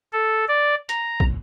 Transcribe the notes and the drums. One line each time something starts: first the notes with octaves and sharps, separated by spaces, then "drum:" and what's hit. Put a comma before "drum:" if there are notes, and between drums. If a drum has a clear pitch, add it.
A4
D5
A#5, drum: hi-hat
drum: kick